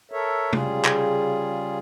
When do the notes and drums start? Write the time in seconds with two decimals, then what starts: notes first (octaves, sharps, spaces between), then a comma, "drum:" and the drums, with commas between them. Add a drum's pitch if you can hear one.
0.12 A4 A#4 C#5 E5
0.53 C#3 G3 F4 G#4, drum: tom
0.85 drum: clap